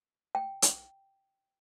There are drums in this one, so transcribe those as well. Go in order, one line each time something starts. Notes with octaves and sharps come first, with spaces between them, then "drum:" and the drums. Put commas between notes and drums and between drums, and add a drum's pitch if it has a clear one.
G5
drum: hi-hat